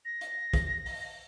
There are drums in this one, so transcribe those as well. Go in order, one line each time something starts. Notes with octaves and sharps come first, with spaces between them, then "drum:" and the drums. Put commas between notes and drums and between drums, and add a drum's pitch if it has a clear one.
A#6
drum: hi-hat
drum: kick, hi-hat
drum: open hi-hat